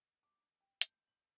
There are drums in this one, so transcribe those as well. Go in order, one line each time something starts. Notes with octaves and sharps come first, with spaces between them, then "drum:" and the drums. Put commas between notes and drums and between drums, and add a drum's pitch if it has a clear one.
D6
G5
G6, drum: hi-hat
F#7